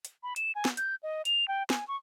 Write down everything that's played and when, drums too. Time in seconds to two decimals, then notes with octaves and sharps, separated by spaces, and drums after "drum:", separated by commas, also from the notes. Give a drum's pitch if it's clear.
0.05 drum: hi-hat
0.23 B5
0.36 E7, drum: hi-hat
0.55 G#5
0.65 drum: snare
0.77 G6, drum: hi-hat
1.03 D#5
1.25 F7, drum: hi-hat
1.48 G5
1.70 G#5, drum: snare
1.88 C#6